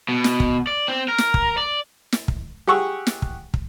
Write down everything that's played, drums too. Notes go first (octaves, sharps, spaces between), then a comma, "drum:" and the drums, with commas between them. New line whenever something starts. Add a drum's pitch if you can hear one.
B2
drum: snare
drum: kick
D5
C4
A#4
drum: snare
drum: kick
D5
drum: snare
drum: kick
G4 G#4 F#5 C#6 E6
drum: snare
drum: kick
drum: kick